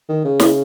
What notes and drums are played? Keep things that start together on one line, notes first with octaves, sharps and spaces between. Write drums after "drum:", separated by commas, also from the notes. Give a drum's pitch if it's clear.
D#3
C#3
drum: snare